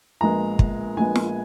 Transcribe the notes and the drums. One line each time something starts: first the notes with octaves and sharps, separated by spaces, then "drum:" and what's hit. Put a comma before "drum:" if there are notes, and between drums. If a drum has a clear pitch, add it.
A#1 A#2 G#3 B3 A#5
drum: kick
A#1 A#2 G#3 B3 G#5
drum: snare